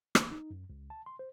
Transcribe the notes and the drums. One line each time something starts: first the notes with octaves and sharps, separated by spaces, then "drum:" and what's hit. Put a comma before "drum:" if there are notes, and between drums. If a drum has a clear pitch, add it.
A#3, drum: rim click
D#4
F#2
C#2
A5
C6
C5